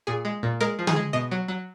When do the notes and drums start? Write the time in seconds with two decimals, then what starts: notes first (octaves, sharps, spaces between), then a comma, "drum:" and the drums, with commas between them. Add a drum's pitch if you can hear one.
0.07 A#2 G#4
0.25 G#3
0.43 A#2
0.60 G#3 A#4
0.79 F3
0.87 G#4, drum: tom D3
0.96 G#3
1.13 B2 D#5
1.31 F#3
1.48 F#3